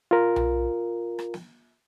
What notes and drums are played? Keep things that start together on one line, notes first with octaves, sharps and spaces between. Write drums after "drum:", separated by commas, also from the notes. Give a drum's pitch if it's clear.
F4 A#4
drum: tom B1
drum: rim click
drum: snare